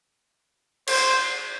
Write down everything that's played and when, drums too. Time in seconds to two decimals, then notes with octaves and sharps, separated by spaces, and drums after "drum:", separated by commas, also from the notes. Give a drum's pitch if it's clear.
0.87 C5, drum: cymbal